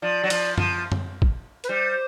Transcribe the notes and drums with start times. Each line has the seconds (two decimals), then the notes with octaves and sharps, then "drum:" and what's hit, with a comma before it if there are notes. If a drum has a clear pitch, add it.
0.02 F3 D5
0.23 F#3
0.30 F3, drum: cymbal
0.58 F3, drum: tom F#2
0.92 drum: tom F#2
1.22 drum: kick A1
1.64 B4, drum: hi-hat
1.68 G3 C5